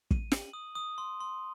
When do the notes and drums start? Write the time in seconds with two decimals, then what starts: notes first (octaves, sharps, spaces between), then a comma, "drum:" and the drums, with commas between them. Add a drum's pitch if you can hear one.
0.11 D#7, drum: kick
0.32 F#7, drum: snare
0.53 D#6
0.75 D#6
0.98 C6
1.20 C6